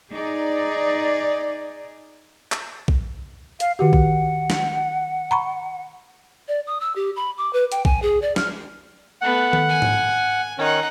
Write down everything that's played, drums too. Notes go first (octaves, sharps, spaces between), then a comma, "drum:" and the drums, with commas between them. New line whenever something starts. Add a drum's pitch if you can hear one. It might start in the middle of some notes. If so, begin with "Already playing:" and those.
D#4 G#4 D5
drum: clap
drum: kick A#1
F5, drum: hi-hat
D#3 F#4 G4 F#5
drum: kick A#1
drum: snare
A#5 B5 C#6
D5
D#6
E6
G4
B5
D6
B4
G5, drum: hi-hat
G#5, drum: kick A#1
G#4
D5
F6, drum: snare
A3 B3 F#5
drum: tom D#3
G#5
drum: tom G#2
D#3 C#4 D#4 F#5